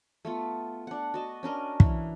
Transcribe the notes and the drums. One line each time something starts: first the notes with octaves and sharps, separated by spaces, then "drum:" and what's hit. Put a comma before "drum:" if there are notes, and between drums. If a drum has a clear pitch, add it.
A3 B3 F4
D4 F#5
F#4 D#5 A5
C#4 D4 A#4 D#5
E3, drum: kick